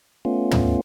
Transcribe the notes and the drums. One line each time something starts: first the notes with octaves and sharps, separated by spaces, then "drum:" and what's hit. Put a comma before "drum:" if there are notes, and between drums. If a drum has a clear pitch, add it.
A3 B3 C#4 F4
drum: tom